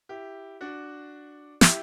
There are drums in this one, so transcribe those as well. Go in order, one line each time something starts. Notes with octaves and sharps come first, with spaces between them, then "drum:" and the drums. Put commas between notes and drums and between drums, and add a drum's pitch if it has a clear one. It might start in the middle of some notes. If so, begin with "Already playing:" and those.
E4 G4
D4 F#4
E4 G4, drum: snare